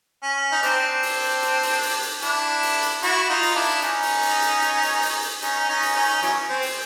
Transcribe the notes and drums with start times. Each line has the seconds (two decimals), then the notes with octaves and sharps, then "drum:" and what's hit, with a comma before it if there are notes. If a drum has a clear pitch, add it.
0.23 C#4
0.52 D#4
0.63 C4 D4, drum: hi-hat
1.03 drum: open hi-hat
1.43 drum: hi-hat
1.63 drum: open hi-hat
1.83 drum: open hi-hat
2.03 drum: hi-hat
2.22 D4 E4, drum: hi-hat
2.62 drum: open hi-hat
2.82 drum: hi-hat
3.03 E4 F#4, drum: hi-hat
3.29 D#4 F4
3.42 drum: open hi-hat
3.56 D4 E4
3.82 C#4 D#4, drum: hi-hat
4.02 drum: open hi-hat
4.22 drum: open hi-hat
4.42 drum: hi-hat
4.62 drum: hi-hat
4.82 drum: open hi-hat
5.02 drum: open hi-hat
5.22 drum: hi-hat
5.42 C#4 D#4, drum: hi-hat
5.69 C#4 D#4
5.82 drum: open hi-hat
5.95 C#4 D#4
6.23 E3 F#3 C#4, drum: hi-hat
6.49 C4
6.62 drum: open hi-hat